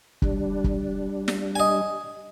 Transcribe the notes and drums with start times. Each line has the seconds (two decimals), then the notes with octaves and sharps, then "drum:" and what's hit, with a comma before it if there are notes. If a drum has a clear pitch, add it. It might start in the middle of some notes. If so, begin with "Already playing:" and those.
0.22 G3 D4, drum: kick
0.64 drum: kick
1.28 drum: snare
1.55 D#5 G#5